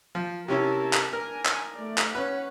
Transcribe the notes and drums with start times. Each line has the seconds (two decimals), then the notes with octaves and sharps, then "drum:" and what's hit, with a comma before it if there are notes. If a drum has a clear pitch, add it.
0.15 F3
0.48 C3 C#4 E4 A#4 A5
0.93 drum: clap
1.13 D4 A#4 G#5
1.46 drum: clap
1.75 A3 D5
1.98 drum: clap
2.15 C#4 B4 C#5 F#5